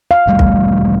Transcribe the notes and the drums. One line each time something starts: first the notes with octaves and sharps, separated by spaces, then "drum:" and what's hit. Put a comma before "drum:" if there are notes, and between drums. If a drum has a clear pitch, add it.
F5
E1 G3 A3
drum: kick